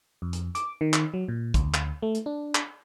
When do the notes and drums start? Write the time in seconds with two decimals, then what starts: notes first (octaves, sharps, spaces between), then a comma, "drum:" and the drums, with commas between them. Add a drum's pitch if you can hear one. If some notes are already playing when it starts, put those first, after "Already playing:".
0.22 F2
0.33 drum: hi-hat
0.55 D6, drum: hi-hat
0.81 D#3
0.93 drum: clap
1.14 F#3
1.28 A#2
1.54 D2, drum: kick, hi-hat
1.74 drum: clap
2.02 A3
2.15 drum: hi-hat
2.26 D4
2.55 drum: clap